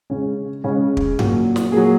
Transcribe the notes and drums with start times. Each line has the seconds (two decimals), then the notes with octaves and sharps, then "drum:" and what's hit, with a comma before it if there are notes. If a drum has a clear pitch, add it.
0.10 C#3 G#3 C#4
0.64 C#3 G#3 C#4
0.97 drum: kick
1.19 A#2 F#3, drum: tom G2
1.56 drum: snare
1.72 A#2 F#3 G#4